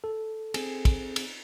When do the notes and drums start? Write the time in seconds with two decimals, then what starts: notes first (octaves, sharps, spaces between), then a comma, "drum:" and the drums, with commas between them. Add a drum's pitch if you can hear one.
0.04 A4
0.54 C4 G#4, drum: cymbal
0.85 drum: kick, cymbal
1.16 drum: cymbal